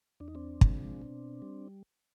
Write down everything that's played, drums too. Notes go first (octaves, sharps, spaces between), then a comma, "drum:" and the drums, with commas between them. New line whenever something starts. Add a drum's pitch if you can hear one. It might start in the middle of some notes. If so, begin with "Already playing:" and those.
E2 D4
D#4
C4 D4
C3 F3 G#3, drum: kick
B2
G3